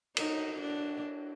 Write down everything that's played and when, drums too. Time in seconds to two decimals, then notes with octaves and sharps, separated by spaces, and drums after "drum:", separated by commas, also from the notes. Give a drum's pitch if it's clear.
0.17 D#4, drum: cymbal
0.61 D4